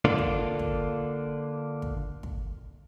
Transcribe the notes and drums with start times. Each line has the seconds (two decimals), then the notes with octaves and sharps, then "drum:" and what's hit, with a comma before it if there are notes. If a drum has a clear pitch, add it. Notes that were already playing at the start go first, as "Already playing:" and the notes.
0.05 D3 A#3 D4 F4
0.18 drum: kick
0.59 drum: kick
1.82 drum: kick
2.23 drum: kick